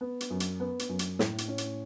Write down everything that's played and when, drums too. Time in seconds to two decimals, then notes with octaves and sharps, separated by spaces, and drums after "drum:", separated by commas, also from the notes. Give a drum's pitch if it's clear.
0.01 B3
0.21 drum: hi-hat
0.30 F#2
0.40 drum: hi-hat
0.60 B3
0.79 drum: hi-hat
0.89 F#2
0.99 drum: hi-hat
1.19 A2, drum: snare
1.38 drum: hi-hat
1.48 C#4
1.58 drum: hi-hat